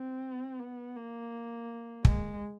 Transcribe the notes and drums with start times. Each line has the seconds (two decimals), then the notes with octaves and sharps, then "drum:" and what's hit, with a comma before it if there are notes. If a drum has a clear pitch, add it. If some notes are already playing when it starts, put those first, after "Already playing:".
Already playing: C4
0.59 B3
0.96 A#3
2.05 G#3, drum: kick